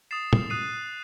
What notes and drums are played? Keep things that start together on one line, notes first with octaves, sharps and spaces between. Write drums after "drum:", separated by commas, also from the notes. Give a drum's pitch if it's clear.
D#6 A6 C7 E7
drum: tom
D#6 F#6 C7 D#7